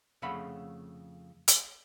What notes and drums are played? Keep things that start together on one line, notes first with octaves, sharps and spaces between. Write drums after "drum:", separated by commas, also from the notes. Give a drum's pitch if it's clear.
F2 C#3 A3 F5 F#5 B5
drum: hi-hat